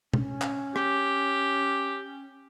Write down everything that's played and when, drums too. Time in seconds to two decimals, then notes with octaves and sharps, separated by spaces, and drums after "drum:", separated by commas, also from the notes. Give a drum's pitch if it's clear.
0.14 C#4, drum: tom B2
0.42 drum: clap
0.76 G4, drum: rim click